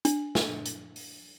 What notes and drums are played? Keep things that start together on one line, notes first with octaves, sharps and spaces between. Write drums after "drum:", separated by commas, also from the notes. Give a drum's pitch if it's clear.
D4, drum: hi-hat
drum: snare
drum: hi-hat
drum: open hi-hat